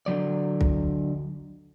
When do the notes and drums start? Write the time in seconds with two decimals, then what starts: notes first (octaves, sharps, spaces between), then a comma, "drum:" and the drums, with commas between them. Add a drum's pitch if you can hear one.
0.06 D3 F#3 D5
0.61 drum: kick